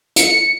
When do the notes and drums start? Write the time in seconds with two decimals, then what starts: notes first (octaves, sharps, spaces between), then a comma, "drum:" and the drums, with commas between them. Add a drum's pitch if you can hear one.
0.16 C#7, drum: hi-hat